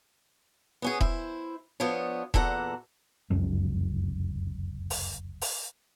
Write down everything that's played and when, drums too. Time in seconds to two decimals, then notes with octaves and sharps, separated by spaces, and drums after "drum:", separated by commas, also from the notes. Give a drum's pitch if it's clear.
0.82 B3 C#4 G#4
1.01 E4 C5, drum: kick E1
1.80 F3 B3 D4 C#5
2.34 E2 A#2 A4 F#5 A#5, drum: kick E1
3.30 F1 C#2 F#2
4.90 drum: open hi-hat
5.41 drum: open hi-hat